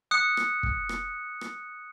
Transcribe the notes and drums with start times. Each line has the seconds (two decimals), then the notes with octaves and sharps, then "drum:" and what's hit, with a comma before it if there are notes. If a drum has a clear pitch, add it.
0.11 D#6 F#6 C#7
0.37 drum: rim click
0.63 drum: kick
0.89 drum: rim click
1.41 drum: rim click